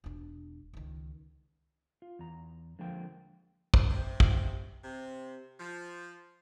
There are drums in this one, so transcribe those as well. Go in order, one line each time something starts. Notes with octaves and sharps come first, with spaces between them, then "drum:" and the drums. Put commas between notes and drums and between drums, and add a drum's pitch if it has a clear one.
E1 D4
C#2 D#3
F4
E2 A#5
D3 F3 G#3 A#3 G5
drum: kick
C3
drum: kick
C3
F3